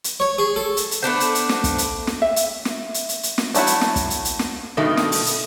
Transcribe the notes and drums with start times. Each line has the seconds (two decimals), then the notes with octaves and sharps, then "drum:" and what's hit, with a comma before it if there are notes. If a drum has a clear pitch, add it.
0.04 drum: hi-hat
0.20 C#5
0.38 G#4
0.56 A4
0.77 drum: hi-hat
0.91 drum: hi-hat
1.02 A3 B3 D4 C5
1.20 drum: hi-hat
1.35 drum: hi-hat
1.49 drum: snare
1.64 drum: kick, hi-hat
1.78 drum: hi-hat
2.07 drum: snare
2.22 E5
2.36 drum: hi-hat
2.65 drum: snare
2.94 drum: hi-hat
3.09 drum: hi-hat
3.23 drum: hi-hat
3.38 drum: snare
3.54 F#3 A3 E4 F#4, drum: hi-hat
3.67 drum: hi-hat
3.81 drum: snare
3.96 drum: kick, hi-hat
4.10 drum: hi-hat
4.25 drum: hi-hat
4.39 drum: snare
4.77 G2 B2 D#3 A3
4.97 drum: snare
5.12 drum: open hi-hat
5.26 drum: hi-hat